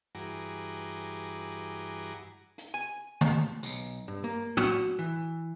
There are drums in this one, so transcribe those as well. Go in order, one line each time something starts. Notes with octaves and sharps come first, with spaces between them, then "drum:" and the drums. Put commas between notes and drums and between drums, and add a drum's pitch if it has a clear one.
G2 E3 F#4 G#4 A#5 D6
drum: hi-hat
G#5
drum: tom
B1, drum: tambourine
G2
A#3
F#4, drum: tom
E3